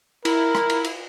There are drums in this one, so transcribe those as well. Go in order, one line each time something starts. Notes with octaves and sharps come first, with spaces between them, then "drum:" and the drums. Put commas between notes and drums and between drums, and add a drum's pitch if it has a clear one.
E4 A#4, drum: cymbal
drum: rim click
drum: cymbal
drum: cymbal